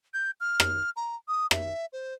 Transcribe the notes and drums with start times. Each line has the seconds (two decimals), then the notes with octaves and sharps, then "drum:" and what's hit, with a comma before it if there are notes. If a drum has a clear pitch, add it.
0.14 G6
0.41 F6
0.60 drum: rim click
0.96 A#5
1.28 D#6
1.51 E5, drum: rim click
1.93 C5